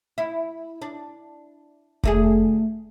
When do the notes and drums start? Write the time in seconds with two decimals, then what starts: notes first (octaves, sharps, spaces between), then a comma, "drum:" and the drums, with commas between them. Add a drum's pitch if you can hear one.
0.18 E4
0.82 D4
2.04 D2 A3 G#4, drum: kick F1